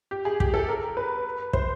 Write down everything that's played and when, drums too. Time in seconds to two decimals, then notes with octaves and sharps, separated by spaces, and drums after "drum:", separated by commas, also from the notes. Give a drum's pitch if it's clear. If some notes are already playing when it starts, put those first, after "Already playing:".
0.11 G4
0.25 G#4
0.40 G4, drum: kick
0.54 A4
0.69 A#4
0.97 B4
1.53 C5, drum: kick